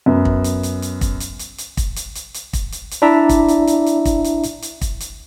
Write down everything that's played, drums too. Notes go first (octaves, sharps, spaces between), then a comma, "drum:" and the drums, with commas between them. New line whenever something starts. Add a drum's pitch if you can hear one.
F#2 B3
drum: kick
drum: hi-hat
drum: hi-hat
drum: hi-hat
drum: kick, hi-hat
drum: hi-hat
drum: hi-hat
drum: hi-hat
drum: kick, hi-hat
drum: hi-hat
drum: hi-hat
drum: hi-hat
drum: kick, hi-hat
drum: hi-hat
drum: hi-hat
D4 E4 D5 E5 A#5
drum: kick, hi-hat
drum: hi-hat
drum: hi-hat
drum: hi-hat
drum: kick, hi-hat
drum: hi-hat
drum: hi-hat
drum: hi-hat
drum: kick, hi-hat
drum: hi-hat